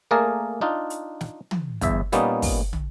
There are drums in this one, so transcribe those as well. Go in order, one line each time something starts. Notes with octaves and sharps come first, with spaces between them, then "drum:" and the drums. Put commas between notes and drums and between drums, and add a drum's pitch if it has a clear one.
A3 A#3 G#4 A#4 D5
D4 D#4 F4
drum: hi-hat
drum: snare
drum: tom
G1 E2 E5, drum: kick, hi-hat
A#2 G3 A#3 B3 C#4 D#4, drum: hi-hat
drum: kick, open hi-hat
drum: tom